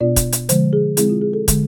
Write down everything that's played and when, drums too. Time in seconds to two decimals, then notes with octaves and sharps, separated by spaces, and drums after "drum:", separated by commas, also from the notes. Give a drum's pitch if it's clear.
0.01 B2 B3 D4 F4 D5
0.16 drum: kick, hi-hat
0.32 drum: hi-hat
0.49 D3 F3 G#3 C5, drum: hi-hat
0.73 G#4
0.97 D3 G#3 C4 E4 G#4, drum: hi-hat
1.09 F4
1.22 G#4
1.33 A4
1.48 D3 G#3, drum: kick, hi-hat